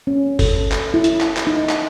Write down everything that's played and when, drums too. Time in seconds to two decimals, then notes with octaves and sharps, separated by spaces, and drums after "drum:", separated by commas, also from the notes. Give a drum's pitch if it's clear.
0.07 C#4
0.39 A4, drum: kick, open hi-hat
0.72 drum: clap
0.94 E4
1.04 drum: hi-hat
1.20 drum: clap
1.37 drum: clap
1.47 D#4
1.69 drum: clap